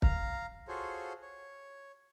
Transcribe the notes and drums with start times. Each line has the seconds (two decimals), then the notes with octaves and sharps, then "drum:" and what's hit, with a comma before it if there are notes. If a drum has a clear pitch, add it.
0.02 F5 A#5, drum: kick
0.68 F4 F#4 G#4 A4 C5 C#5
1.22 C#5